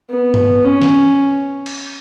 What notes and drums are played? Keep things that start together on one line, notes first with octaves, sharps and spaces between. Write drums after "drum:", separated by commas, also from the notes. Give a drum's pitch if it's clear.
B3
drum: tom G2
C#4
drum: snare
drum: cymbal